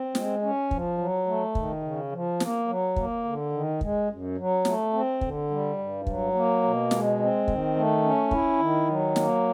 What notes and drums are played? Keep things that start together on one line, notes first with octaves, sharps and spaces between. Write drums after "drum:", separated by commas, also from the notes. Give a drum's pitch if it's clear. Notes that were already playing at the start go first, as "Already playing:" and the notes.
Already playing: C4
G#3, drum: snare
C#4
F3, drum: kick
F#3
A3
D#3, drum: kick
C#3
F3
A#3, drum: snare
F#3
A#3, drum: kick
D3
D#3
G#3, drum: kick
F#2
F#3
A3, drum: snare
C4
D3, drum: kick
G3
G2
F#3, drum: kick
A#3
B2
G#3, drum: snare
C4
D#3, drum: kick
A3
C#4
E4, drum: kick
D#3
F#3
A#3, drum: snare